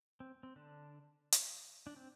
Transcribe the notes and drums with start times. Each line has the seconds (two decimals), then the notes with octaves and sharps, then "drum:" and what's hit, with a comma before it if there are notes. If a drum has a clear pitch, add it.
0.20 C4
0.43 C4
0.56 D3 D4
1.32 drum: hi-hat
1.87 D4
1.96 C4